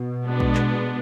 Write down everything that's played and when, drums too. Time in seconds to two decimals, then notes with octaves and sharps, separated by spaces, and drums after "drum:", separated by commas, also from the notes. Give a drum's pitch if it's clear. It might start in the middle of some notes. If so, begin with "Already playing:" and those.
Already playing: B2
0.25 G#3 B3 D4
0.40 drum: kick A#1
0.55 drum: clap